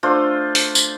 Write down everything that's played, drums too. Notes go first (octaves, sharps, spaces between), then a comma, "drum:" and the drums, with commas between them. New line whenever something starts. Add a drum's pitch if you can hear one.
A3 D4 F4 C5
drum: open hi-hat
drum: tambourine